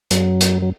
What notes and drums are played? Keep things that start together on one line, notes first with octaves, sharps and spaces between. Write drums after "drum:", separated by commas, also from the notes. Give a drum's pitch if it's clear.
F#2 F#3, drum: hi-hat
drum: hi-hat
F#3